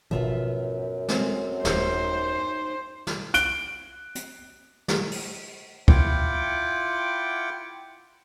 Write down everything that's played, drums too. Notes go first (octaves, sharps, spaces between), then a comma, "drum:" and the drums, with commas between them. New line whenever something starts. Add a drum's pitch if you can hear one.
G#1 F#2 B2 F3 B3 F4 E5
G#3 C4 A4, drum: snare
D#1 A3 D#4 C5 F5, drum: snare
drum: snare
F#6 D7 G7, drum: hi-hat
drum: hi-hat
drum: snare
drum: open hi-hat
E4 F4 F#5 G5 D6, drum: kick